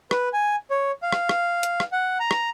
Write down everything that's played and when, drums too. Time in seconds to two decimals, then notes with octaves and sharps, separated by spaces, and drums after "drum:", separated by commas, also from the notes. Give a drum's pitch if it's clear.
0.11 B4, drum: rim click
0.33 G#5
0.71 C#5
1.02 F5
1.12 drum: rim click
1.29 drum: rim click
1.63 drum: hi-hat
1.80 drum: rim click
1.92 F#5
2.20 A#5
2.31 drum: rim click